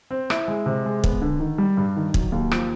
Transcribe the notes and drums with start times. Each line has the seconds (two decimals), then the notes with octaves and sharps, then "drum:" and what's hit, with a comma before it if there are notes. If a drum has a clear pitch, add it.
0.11 C4
0.30 E4, drum: rim click
0.48 G#3
0.66 C3
0.86 G#3
1.04 B3, drum: kick
1.22 D3
1.40 D#3
1.58 G3
1.77 G2
1.96 D#3
2.14 F#3, drum: kick
2.32 D#2
2.51 F3, drum: rim click